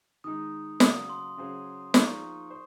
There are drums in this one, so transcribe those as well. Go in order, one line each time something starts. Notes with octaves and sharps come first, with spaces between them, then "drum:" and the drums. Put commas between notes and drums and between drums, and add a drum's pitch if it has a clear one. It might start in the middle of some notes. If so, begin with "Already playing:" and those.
D#3 G#3 D#4 D#6
C#3 F#3 A#3 D#6, drum: snare
C6
C#3 F#3 C#4 G#4 C5
F3 A#3 D#4 G#4 C#6, drum: snare
C5